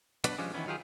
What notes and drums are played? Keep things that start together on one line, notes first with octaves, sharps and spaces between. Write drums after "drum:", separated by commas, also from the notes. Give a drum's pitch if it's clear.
B2 F#3 D4 B4, drum: hi-hat
F3 G3 G#3 C#4 D4
D#3 E3 A3 B3 C#4
D#3 F#3 F4 G4 G#4